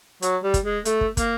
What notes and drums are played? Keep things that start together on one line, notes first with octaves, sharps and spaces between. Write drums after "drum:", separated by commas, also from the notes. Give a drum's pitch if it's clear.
F#3, drum: hi-hat
G3
drum: kick, hi-hat
G#3
A3, drum: hi-hat
drum: kick
A#3, drum: kick, hi-hat